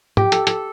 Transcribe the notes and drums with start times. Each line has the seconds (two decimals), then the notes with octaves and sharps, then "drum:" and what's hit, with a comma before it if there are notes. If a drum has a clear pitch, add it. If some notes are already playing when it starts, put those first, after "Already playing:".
0.17 G4, drum: tom
0.32 A4, drum: hi-hat
0.47 A4, drum: hi-hat